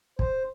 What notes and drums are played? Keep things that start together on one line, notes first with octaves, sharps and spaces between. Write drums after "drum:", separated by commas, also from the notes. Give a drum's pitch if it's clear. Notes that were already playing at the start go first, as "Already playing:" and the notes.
C5, drum: kick